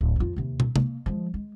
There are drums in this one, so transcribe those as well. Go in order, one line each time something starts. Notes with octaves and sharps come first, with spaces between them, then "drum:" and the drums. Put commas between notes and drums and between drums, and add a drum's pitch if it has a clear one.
D1
F2 F4
D#2 C3
drum: tom
A#3, drum: tom C3
F3 G#3
G#3